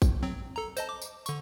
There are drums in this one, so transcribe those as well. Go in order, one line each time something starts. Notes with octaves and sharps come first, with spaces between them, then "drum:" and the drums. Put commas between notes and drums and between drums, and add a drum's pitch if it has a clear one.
drum: kick, tambourine
F#3 C4
A4 A#5
C5 D#5 A5, drum: tambourine
D6
drum: tambourine
D3 C#6, drum: tambourine